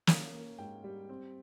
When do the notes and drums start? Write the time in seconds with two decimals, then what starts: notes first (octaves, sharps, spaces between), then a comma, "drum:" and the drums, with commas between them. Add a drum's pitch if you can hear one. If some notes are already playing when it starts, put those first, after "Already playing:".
0.07 C#4 F5, drum: snare
0.33 A#3
0.58 G#2 G5
0.84 G3
1.09 C4